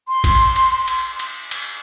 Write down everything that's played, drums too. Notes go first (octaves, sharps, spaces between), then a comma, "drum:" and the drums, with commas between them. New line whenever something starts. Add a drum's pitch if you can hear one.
C6
drum: kick A1, cymbal
drum: cymbal
drum: cymbal
drum: cymbal
drum: cymbal